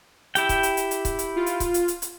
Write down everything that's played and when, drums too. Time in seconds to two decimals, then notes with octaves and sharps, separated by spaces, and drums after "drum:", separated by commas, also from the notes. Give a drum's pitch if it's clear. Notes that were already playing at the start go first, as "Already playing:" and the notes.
0.35 E4 G4 G5, drum: hi-hat
0.49 drum: kick C#1, hi-hat
0.63 drum: hi-hat
0.77 drum: hi-hat
0.91 drum: hi-hat
1.05 drum: kick C#1, hi-hat
1.19 drum: hi-hat
1.36 F4
1.46 drum: hi-hat
1.60 drum: kick C#1, hi-hat
1.74 drum: hi-hat
1.88 drum: hi-hat
2.02 drum: hi-hat